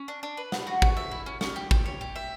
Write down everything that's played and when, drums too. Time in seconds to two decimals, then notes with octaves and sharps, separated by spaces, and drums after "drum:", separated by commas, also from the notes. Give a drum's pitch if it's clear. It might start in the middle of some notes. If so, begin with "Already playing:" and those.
Already playing: C#4
0.08 D4
0.23 D4
0.37 B4
0.52 F#5, drum: snare
0.67 F#4
0.82 C#4, drum: kick
0.97 E5
1.11 E4
1.26 C#4
1.41 C#4, drum: snare
1.56 G4
1.71 G4, drum: kick
1.86 C#5
2.01 G4
2.16 E5